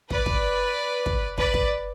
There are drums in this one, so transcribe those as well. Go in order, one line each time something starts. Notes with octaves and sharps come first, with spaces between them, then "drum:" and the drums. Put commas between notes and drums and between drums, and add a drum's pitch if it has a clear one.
B4 D5, drum: kick
drum: kick
drum: kick
B4 D5, drum: kick
drum: kick